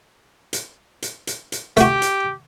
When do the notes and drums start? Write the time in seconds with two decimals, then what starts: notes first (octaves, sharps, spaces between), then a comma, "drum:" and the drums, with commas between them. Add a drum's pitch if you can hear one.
0.53 drum: hi-hat
1.02 drum: hi-hat
1.27 drum: hi-hat
1.52 drum: hi-hat
1.77 A3 F#4 G4, drum: hi-hat
2.02 drum: hi-hat